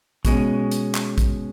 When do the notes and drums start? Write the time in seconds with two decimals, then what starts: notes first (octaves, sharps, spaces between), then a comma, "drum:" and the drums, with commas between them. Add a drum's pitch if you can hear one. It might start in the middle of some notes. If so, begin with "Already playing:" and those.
0.25 B2 G#3 C#4, drum: kick, hi-hat
0.71 drum: hi-hat
0.95 drum: clap
1.18 drum: kick, hi-hat